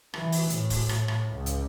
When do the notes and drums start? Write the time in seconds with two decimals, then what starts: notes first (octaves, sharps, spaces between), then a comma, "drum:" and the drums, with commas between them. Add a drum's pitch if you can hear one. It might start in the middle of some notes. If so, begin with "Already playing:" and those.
0.14 E3, drum: rim click
0.32 drum: open hi-hat
0.50 A2, drum: hi-hat
0.70 drum: kick, open hi-hat
0.89 drum: rim click
1.08 drum: rim click
1.32 C#2
1.46 drum: hi-hat